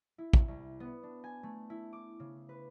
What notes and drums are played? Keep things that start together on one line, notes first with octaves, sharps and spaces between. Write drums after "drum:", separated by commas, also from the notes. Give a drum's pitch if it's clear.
E4
drum: kick
C2
B3
D4
G#5
A3
E4
D6
C#3
B4